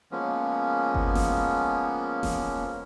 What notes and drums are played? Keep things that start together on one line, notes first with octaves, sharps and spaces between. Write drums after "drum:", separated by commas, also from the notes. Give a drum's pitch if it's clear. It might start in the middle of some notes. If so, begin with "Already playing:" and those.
F3 G#3 A#3 B3 C#4
drum: kick G1
drum: snare E1
drum: snare E1